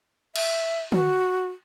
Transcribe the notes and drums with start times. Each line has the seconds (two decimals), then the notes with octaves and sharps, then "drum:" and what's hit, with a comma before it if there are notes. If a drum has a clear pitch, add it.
0.36 E5, drum: cymbal
0.92 F#4, drum: tom